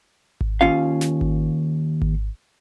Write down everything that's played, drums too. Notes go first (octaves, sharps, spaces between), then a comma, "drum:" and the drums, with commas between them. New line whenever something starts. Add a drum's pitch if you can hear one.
drum: kick G#1
D#2 C#4 F4 F5
drum: snare
drum: kick G#1
drum: kick G#1